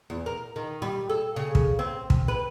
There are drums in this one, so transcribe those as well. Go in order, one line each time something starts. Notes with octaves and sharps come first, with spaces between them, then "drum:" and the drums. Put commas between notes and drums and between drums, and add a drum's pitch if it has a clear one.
E2
A#4
D#3
G3
A4
C#3
drum: kick
C4
drum: kick
B4